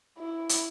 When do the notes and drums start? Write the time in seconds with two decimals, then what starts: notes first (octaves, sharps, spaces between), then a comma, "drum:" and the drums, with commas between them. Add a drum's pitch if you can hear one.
0.18 E4
0.49 drum: hi-hat